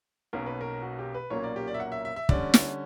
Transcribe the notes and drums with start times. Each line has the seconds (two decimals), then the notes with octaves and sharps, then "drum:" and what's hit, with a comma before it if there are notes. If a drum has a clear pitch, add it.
0.33 B1 B2 A#3 C#4 A#4
0.46 B4
0.61 A#4
0.82 F#4
0.99 G4
1.14 B4
1.30 B1 A#2 F#3 A#3 C#4 C#5
1.43 D5
1.56 G4
1.67 D5
1.74 E5
1.80 F#5
1.92 E5
2.05 E5
2.16 E5
2.29 D3 G3 C#4 D5, drum: kick
2.54 drum: snare